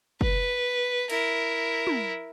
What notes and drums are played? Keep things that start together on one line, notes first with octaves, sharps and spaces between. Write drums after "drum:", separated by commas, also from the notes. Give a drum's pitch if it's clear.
B4, drum: kick
E4 A#4, drum: cymbal
drum: tom